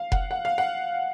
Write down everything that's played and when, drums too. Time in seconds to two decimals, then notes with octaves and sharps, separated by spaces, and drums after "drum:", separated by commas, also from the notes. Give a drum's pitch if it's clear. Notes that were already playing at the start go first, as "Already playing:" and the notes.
Already playing: F5
0.12 F#5, drum: kick F1
0.31 F#5
0.45 F5
0.58 F#5